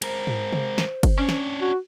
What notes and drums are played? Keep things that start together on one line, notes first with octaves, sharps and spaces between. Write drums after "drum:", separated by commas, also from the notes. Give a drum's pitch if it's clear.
G#3 A#4 C5, drum: cymbal
drum: tom G#2
drum: tom C3
drum: snare
drum: kick G1, cymbal
C#4 D4 C#5
drum: snare
F#4